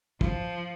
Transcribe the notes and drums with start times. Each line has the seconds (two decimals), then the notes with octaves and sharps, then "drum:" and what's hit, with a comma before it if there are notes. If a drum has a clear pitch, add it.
0.21 F3, drum: kick